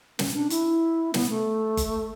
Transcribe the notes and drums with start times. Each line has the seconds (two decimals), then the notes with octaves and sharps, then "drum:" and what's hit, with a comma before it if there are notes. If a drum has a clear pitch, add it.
0.19 C#4, drum: snare
0.34 D4
0.50 E4, drum: hi-hat
1.14 B3, drum: snare
1.29 A3
1.77 drum: kick G1, hi-hat